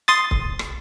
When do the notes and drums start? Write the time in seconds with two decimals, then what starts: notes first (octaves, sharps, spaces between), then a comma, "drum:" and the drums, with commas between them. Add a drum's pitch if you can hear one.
0.08 C6 D#6 A6
0.31 drum: kick C#1
0.59 drum: rim click